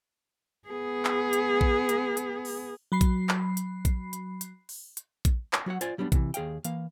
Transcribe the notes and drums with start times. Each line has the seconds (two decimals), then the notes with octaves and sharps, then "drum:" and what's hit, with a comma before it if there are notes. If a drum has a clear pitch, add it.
0.68 B3 G#4
1.05 drum: clap
1.33 drum: hi-hat
1.61 drum: kick A#1
1.89 drum: hi-hat
2.17 drum: hi-hat
2.45 drum: open hi-hat
2.92 F#3 B5 C7
3.01 drum: kick A#1, hi-hat
3.29 drum: clap
3.57 drum: hi-hat
3.85 drum: kick A#1, hi-hat
4.13 drum: hi-hat
4.41 drum: hi-hat
4.69 drum: open hi-hat
4.97 drum: hi-hat
5.25 drum: kick A#1, hi-hat
5.53 drum: clap
5.66 F#3 F#4 C#5 F#5
5.81 F4 C5 D5 G#5, drum: hi-hat
5.98 F#3 G3 B3 C4 D4
6.12 C3 D#3 E3, drum: kick A#1, hi-hat
6.34 D#2 G#4 F5 G5, drum: hi-hat
6.64 E3 A#3 F5, drum: hi-hat